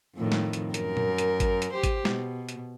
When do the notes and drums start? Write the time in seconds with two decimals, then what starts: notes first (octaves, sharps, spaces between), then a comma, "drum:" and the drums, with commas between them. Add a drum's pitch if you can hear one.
0.16 F2 A2 D#3
0.32 drum: snare
0.53 drum: hi-hat
0.74 F#2 A#4, drum: hi-hat
0.97 drum: tom
1.18 drum: hi-hat
1.40 drum: kick G#1, hi-hat
1.62 drum: hi-hat
1.74 G4 C5
1.84 drum: kick G#1, hi-hat
2.05 B2, drum: snare
2.49 drum: hi-hat